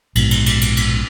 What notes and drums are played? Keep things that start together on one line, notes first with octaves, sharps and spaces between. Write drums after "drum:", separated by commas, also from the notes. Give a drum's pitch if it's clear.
A#1 G#2 B2, drum: cymbal
drum: cymbal
drum: cymbal
drum: cymbal
drum: cymbal